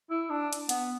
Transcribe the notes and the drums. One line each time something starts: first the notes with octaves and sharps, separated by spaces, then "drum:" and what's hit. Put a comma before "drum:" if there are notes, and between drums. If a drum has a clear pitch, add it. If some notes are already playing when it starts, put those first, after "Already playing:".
E4
D4
drum: hi-hat
B3, drum: hi-hat